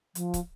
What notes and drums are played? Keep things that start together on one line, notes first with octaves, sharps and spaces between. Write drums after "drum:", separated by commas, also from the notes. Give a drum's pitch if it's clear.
F3, drum: hi-hat
drum: kick, hi-hat